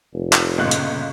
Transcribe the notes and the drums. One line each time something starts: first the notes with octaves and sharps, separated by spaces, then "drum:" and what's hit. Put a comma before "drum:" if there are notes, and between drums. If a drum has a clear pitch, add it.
F1
drum: clap
G1 A#2 C#3 D#5 F5 C#6 F#6
drum: hi-hat